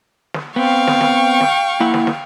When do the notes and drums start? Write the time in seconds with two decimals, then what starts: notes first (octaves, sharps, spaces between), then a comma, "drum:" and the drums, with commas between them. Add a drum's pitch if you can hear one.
0.34 drum: snare
0.56 B3 C4 F5 G5 C#6
0.87 drum: snare
1.01 drum: snare
1.41 drum: snare
1.80 A#3 E4 F#5
1.94 drum: snare
2.07 drum: snare